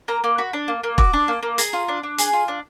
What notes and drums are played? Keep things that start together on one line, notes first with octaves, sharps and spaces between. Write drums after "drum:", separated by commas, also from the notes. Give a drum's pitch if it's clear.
A#3 A#5
A#3
F#4 B5
D4
A#3
A#3
F#4 D6, drum: kick E1
D4
A#3
A#3
G#4 A#5, drum: hi-hat
F4
D4
D4
G#4, drum: hi-hat
F4
D4